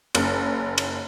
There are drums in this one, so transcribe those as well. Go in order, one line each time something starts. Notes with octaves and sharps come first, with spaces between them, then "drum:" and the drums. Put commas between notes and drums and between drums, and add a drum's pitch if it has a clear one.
F#1, drum: cymbal
drum: cymbal